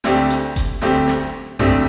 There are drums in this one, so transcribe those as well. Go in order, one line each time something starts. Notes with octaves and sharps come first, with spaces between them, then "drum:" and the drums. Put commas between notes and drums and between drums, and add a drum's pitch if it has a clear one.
D2 D3 A3 C4 G4, drum: snare
drum: hi-hat
drum: kick F#1, hi-hat
D2 D3 A3 C4 G4, drum: snare
drum: snare
D2 D3 A3 C4 G4, drum: tom F#2